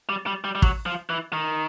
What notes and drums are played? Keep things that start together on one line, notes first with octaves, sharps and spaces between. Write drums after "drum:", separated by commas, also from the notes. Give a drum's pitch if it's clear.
G3
G3
G3
G3
F#3, drum: kick
F3
E3
D#3